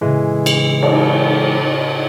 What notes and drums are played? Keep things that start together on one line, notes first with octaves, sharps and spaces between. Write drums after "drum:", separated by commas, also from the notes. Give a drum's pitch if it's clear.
A2 C#3 E3 G#3
drum: cymbal
drum: cymbal